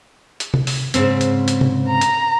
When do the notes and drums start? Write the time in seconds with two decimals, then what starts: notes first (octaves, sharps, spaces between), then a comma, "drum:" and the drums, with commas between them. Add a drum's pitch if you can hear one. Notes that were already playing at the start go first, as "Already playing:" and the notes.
0.40 drum: hi-hat
0.54 drum: tom C3
0.67 drum: open hi-hat
0.94 G#2 C#3 C4, drum: hi-hat
1.21 drum: hi-hat
1.48 drum: hi-hat
1.61 drum: tom C3
1.88 A#5
2.01 drum: hi-hat